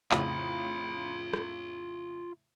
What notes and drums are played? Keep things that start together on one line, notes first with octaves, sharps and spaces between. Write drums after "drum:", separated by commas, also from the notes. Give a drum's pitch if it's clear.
F2 A2 C#3 F4 B5, drum: clap
drum: rim click